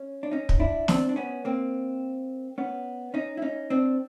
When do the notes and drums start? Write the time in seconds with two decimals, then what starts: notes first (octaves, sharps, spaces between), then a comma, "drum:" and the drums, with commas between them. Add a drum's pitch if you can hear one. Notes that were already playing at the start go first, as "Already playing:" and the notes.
Already playing: C#4
0.23 D4
0.31 C#4 D#4
0.49 drum: kick
0.60 D4 E4
0.88 C4 D4, drum: snare
1.09 D4
1.16 B3 C#4
1.45 A#3 C4
2.58 B3 C#4
3.14 C#4 D#4
3.37 E4
3.42 C#4 D#4
3.70 C4 D4